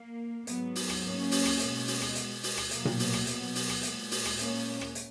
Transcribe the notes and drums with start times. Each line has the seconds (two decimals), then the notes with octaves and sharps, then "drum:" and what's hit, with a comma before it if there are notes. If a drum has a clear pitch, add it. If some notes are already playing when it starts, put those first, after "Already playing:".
Already playing: A#3
0.47 G#2 F#3 B3, drum: hi-hat
0.75 drum: open hi-hat
0.89 drum: rim click
1.03 A#3 C#4
1.31 drum: open hi-hat
1.45 drum: rim click
1.59 B2 G#3, drum: hi-hat
1.87 drum: open hi-hat
2.01 drum: rim click
2.15 drum: hi-hat
2.43 drum: open hi-hat
2.57 drum: rim click
2.71 B2 F#3 A#3, drum: hi-hat
2.85 drum: tom A#2
2.99 drum: open hi-hat
3.13 drum: rim click
3.27 B3, drum: hi-hat
3.55 drum: open hi-hat
3.69 drum: rim click
3.83 A#2 G#3, drum: hi-hat
4.11 drum: open hi-hat
4.25 drum: rim click
4.39 A#3 C#4, drum: hi-hat
4.81 drum: rim click
4.95 drum: hi-hat